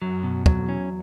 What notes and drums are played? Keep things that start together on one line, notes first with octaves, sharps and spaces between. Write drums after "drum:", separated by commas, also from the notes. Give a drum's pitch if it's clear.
F#2 F#3
B2
E2 F#3, drum: kick
F2
E2 C#4